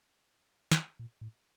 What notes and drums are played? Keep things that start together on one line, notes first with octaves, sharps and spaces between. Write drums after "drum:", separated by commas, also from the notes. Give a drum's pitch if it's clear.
drum: snare
A#2
A2